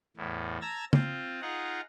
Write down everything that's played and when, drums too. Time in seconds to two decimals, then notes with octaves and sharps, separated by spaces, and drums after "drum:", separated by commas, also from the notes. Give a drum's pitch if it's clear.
0.17 E2 A2
0.61 A5 A#5 E6 G#6 A#6
0.93 C4 F4, drum: tom
1.42 D#4 F4 G#4 F#5 A#5